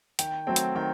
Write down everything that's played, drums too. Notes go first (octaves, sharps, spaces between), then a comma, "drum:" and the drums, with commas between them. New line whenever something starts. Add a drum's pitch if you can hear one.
D#3 G5, drum: hi-hat
F#3 A3 C4 G5
drum: hi-hat
D#3 G5